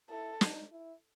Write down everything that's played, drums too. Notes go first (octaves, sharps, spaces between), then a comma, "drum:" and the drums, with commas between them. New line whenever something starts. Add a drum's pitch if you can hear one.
E4 A4
D#4, drum: snare
E4